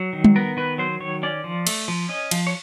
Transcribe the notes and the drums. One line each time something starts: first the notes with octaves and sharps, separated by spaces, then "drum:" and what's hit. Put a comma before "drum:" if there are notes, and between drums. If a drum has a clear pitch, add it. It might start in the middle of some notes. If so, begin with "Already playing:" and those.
Already playing: F#3
D#3
drum: tom G3
B3 A#4
D#3 B4
F#3 C5
D#3 C#5
C#4 D5
F3
A3, drum: cymbal
F3
C#4 D#5
F3, drum: cymbal
C#5